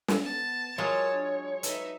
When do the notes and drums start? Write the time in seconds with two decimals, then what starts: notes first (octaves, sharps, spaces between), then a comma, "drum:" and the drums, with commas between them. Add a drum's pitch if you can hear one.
0.08 drum: snare
0.23 B3 A5
0.78 F#3 G#3 F4 A#4 C#5
1.12 D4
1.63 D#4 A4 B4 E5, drum: hi-hat